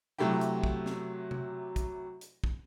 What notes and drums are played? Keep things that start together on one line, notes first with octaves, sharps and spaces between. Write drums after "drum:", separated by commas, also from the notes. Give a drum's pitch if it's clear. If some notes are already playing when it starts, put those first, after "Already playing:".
C3 F#3 A3 E4 G4
drum: hi-hat
drum: kick
drum: snare
drum: tom C3
drum: kick, hi-hat
drum: hi-hat
drum: kick